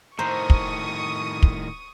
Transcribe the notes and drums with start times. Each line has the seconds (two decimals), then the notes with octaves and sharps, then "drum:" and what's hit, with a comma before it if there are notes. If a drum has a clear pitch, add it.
0.19 A2 D#3 C5 A#5 C#6 D#6
0.50 drum: kick
1.43 drum: kick